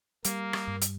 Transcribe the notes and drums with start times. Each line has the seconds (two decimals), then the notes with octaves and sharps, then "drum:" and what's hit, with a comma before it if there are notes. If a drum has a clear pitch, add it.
0.25 G3 A#3, drum: hi-hat
0.53 drum: rim click
0.68 G2
0.82 drum: hi-hat